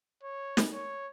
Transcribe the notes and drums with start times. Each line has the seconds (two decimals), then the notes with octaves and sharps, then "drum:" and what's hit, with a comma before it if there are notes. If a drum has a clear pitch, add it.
0.23 C#5
0.57 drum: snare
0.73 C#5